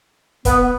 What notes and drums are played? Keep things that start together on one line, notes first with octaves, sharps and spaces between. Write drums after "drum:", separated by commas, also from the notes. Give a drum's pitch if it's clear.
B3, drum: kick, hi-hat